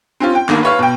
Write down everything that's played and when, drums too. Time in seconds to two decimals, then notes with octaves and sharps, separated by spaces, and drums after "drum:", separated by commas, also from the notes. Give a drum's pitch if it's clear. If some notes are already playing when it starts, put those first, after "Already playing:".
0.20 C4 C#4 F4
0.35 G5
0.49 D#3 A#3, drum: clap
0.63 B4 C#5 F5
0.79 B2 G5